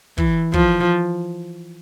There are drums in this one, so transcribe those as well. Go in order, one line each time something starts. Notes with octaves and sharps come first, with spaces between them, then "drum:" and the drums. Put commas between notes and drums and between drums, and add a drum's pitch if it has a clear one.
E3, drum: kick
F3, drum: kick